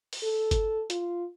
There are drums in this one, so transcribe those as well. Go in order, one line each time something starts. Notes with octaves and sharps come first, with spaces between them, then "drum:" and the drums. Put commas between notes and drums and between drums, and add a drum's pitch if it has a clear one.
drum: open hi-hat
A4
drum: kick G1, hi-hat
F4, drum: hi-hat